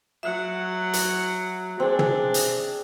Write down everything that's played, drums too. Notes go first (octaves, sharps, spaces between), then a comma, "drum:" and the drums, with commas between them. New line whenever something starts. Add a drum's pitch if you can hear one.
F#3 E5 F#5
drum: hi-hat
C4 D4 G#4
drum: tom
drum: hi-hat